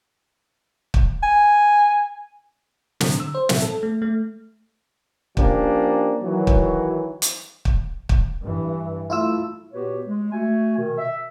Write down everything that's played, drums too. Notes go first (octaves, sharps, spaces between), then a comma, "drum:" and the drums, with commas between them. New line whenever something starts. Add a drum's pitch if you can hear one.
drum: kick
G#5
D3, drum: snare
E6
C5
E5, drum: snare
A4
A3
A3
F3 A#3 C#4 D4 G4, drum: kick
D#3 E3 F#3
drum: kick
drum: hi-hat
drum: kick
drum: kick
G2 E3
A3 E4 F4 E6
A#2 B3 F#4 G4 B4 C#5
G#3
A3 F#4 G#5
B2 D#3
E5